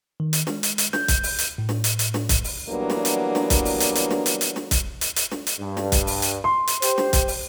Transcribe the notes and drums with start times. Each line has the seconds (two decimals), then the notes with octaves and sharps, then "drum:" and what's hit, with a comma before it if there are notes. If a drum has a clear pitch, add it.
0.20 D#3
0.33 drum: hi-hat
0.47 G#3, drum: snare
0.63 drum: hi-hat
0.78 drum: hi-hat
0.93 G6, drum: snare
1.08 drum: kick, hi-hat
1.23 drum: open hi-hat
1.39 drum: hi-hat
1.58 A2
1.69 drum: snare
1.84 drum: hi-hat
1.99 drum: hi-hat
2.14 drum: snare
2.29 drum: kick, hi-hat
2.44 drum: open hi-hat
2.68 E3 F#3 G3 A#3 B3 D4
2.90 drum: snare
3.05 drum: hi-hat
3.35 drum: snare
3.50 drum: kick, hi-hat
3.65 drum: open hi-hat
3.80 drum: hi-hat
3.95 drum: hi-hat
4.11 drum: snare
4.26 drum: hi-hat
4.41 drum: hi-hat
4.56 drum: snare
4.71 drum: kick, hi-hat
5.01 drum: hi-hat
5.16 drum: hi-hat
5.31 drum: snare
5.47 drum: hi-hat
5.60 G2
5.77 drum: snare
5.92 drum: kick, hi-hat
6.07 drum: open hi-hat
6.22 drum: hi-hat
6.44 C6
6.67 drum: hi-hat
6.82 G4 C5, drum: hi-hat
6.98 drum: snare
7.13 drum: kick, hi-hat
7.28 drum: open hi-hat